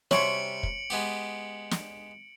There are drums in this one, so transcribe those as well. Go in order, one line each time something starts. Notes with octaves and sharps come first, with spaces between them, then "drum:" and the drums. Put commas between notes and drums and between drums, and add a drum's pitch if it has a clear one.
C3 G3 C#5 C6 C#7 D7 F#7, drum: snare
drum: kick
G#3 B3 G4
drum: snare